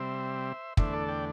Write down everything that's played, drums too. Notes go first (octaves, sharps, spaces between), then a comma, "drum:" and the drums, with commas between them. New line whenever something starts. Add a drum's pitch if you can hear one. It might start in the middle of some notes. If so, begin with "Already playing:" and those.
Already playing: C3 G3 C4 C5 E5
E2 D3 A3 D4 C5 E5, drum: kick
A4 D5
D5 G5